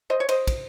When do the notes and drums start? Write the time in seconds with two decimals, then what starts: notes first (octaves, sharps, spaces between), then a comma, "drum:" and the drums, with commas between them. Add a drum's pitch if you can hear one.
0.10 C5 D#5
0.20 C#5
0.29 C5 D#5, drum: cymbal
0.47 drum: kick, cymbal